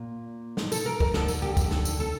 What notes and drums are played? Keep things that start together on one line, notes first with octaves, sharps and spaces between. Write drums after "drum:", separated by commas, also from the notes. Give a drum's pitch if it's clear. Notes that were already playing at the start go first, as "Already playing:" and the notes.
Already playing: A#2
drum: snare
A4, drum: tambourine
A#4
A#4, drum: kick
D3 A4, drum: snare
drum: tambourine
G4
drum: kick, tambourine
A4, drum: snare
drum: tambourine
A4